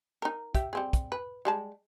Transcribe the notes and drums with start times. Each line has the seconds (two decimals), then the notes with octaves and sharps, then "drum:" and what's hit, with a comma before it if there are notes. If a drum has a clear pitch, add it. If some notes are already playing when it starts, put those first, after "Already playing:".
0.22 D#4 A#4
0.55 G4 E5, drum: kick, hi-hat
0.73 G3 C4 G#4
0.93 drum: kick, hi-hat
1.12 B4
1.45 G3 G#3 A5